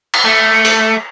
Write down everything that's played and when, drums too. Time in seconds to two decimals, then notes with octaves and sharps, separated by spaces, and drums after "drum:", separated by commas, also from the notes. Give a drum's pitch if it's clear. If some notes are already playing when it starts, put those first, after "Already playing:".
0.14 drum: cymbal
0.25 A3
0.65 drum: open hi-hat